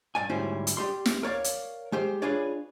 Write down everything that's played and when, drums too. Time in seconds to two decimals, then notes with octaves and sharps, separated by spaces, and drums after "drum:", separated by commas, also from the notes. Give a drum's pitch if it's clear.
0.15 G2 D5 G#5
0.29 D2 G#2 G3 C#4 E4 C5
0.67 drum: hi-hat
0.77 G4 D5 C6
1.06 drum: snare
1.23 A#4 C#5 D5 F5
1.44 drum: hi-hat
1.92 G#3 G4 C5
2.22 D4 F4 G#4 B4 C#5 D5